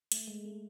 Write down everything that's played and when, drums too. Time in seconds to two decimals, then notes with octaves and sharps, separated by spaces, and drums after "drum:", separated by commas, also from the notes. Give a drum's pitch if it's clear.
0.12 A3, drum: hi-hat
0.28 G#3
0.45 A3